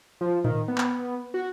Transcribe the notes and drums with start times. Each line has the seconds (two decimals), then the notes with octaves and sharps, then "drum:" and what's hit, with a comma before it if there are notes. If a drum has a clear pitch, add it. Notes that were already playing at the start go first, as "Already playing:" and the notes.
0.21 F3
0.45 D#3, drum: tom A2
0.68 B3
0.78 drum: clap
1.34 F#4